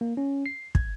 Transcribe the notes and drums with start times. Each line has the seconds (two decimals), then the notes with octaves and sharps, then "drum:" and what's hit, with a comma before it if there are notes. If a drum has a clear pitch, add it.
0.01 A#3
0.17 C#4
0.46 C7
0.75 G#6, drum: kick